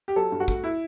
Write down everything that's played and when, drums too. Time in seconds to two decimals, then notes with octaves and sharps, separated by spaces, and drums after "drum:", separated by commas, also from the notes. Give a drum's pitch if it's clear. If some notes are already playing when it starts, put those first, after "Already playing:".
0.08 G4
0.16 F#3 A4
0.32 G2
0.40 F#4
0.48 A3, drum: kick
0.64 E4